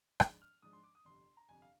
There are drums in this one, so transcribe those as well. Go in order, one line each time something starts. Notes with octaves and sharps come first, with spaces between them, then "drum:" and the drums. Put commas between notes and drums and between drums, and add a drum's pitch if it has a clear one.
G#2 F3 G#3 D4, drum: rim click
F6
G#2 F3 G#3 D4 D#6
C6
D6
D#6
G1 F2 C3 C6
A#5
G1 F2 C3 G#5
F5